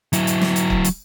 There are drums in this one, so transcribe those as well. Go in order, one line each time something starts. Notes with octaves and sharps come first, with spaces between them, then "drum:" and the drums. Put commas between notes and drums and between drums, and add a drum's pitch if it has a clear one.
F#3 E4, drum: hi-hat
drum: hi-hat
drum: snare
drum: hi-hat
drum: kick
drum: hi-hat